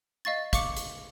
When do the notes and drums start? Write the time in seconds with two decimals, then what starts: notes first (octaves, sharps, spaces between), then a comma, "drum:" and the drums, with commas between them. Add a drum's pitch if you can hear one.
0.25 D#5 F5 C#6 A6
0.53 F5 C#6 D6 C#7, drum: kick, hi-hat
0.77 drum: hi-hat